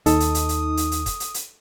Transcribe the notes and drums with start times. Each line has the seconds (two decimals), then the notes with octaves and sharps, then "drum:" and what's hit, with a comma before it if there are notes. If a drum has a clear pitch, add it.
0.06 D#2 D#4 A4 D#6, drum: hi-hat
0.20 drum: hi-hat
0.35 drum: hi-hat
0.49 drum: hi-hat
0.77 drum: hi-hat
0.92 drum: hi-hat
1.06 drum: kick, hi-hat
1.20 drum: hi-hat
1.34 drum: hi-hat